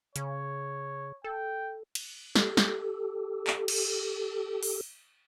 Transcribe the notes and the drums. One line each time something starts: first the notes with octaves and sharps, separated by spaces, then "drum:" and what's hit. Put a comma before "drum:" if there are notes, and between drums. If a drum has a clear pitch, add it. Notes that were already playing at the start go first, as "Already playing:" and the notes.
C#3 C#5, drum: hi-hat
A4 G5
drum: cymbal
G4 A4, drum: snare
drum: snare
drum: clap
drum: cymbal
drum: open hi-hat